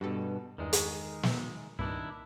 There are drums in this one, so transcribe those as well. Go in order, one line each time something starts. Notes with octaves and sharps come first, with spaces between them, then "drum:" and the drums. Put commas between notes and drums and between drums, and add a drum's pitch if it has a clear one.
G2 B2 F#4 G4 A4
E2 G2 D#3 G#3
drum: hi-hat
drum: snare
C2 G2 A#2 D#3 D4 E4